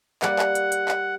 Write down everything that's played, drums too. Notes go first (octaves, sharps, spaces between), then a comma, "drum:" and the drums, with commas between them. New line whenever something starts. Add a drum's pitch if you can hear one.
G3 A#3 F#5, drum: clap
drum: clap
drum: hi-hat
drum: hi-hat
drum: clap